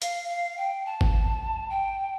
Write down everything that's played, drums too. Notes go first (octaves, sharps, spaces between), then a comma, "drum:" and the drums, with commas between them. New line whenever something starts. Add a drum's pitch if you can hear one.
F5, drum: hi-hat
F5
G5
A5
drum: kick G#1
G5